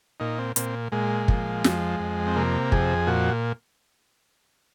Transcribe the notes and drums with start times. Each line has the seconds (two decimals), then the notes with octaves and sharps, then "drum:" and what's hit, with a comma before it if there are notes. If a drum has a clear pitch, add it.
0.20 A#2 D#4
0.39 C4
0.56 A#2 C4, drum: hi-hat
0.92 A#2 G#3
1.28 F3, drum: kick
1.64 F2, drum: snare
2.00 F2
2.27 C4
2.36 C3 A#3
2.72 F2 G#4, drum: kick
3.07 A#2 F#4